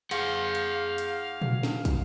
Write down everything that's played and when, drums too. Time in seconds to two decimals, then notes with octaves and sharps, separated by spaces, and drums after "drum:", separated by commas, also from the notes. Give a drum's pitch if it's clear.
0.11 G#4 F5 F#5, drum: hi-hat
0.55 drum: hi-hat
0.98 drum: hi-hat
1.42 drum: tom A#2
1.63 drum: snare
1.85 drum: kick, hi-hat